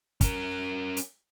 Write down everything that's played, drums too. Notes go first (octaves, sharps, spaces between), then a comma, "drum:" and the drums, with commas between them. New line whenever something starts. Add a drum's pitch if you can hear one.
C#4 A#4, drum: kick, hi-hat
drum: hi-hat